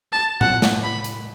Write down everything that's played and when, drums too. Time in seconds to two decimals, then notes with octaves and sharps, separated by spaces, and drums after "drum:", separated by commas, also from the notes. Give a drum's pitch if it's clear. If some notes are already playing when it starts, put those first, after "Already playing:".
0.12 A5
0.41 F#5, drum: tom A2
0.62 drum: snare
0.83 B5
1.04 drum: hi-hat